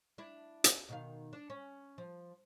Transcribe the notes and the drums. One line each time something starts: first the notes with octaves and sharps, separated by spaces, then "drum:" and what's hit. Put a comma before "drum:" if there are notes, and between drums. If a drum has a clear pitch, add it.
D4 E4
drum: hi-hat
B2 D#3 F5
D4
C#4
F3